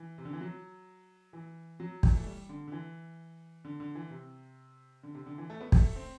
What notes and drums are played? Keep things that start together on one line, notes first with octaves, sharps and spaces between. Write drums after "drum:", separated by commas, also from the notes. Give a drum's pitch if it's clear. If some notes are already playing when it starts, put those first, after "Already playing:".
Already playing: E3
C3
D3
E3
F#3
E3
F#3
E3, drum: kick
A3
G3
D3
D3
E3
D3
D3
E3
C3
D3
C3
D3
E3
A3
B3
A3, drum: kick
C4